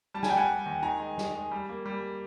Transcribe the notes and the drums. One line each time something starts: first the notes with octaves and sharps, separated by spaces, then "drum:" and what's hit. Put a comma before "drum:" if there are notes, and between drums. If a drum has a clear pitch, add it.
G3 A5
G#5, drum: snare
G3 G5
F#5 G#5
G3
D#2
D#3 G#5 A#5
G#3
G#3, drum: snare
G#3
G3
A#3
G3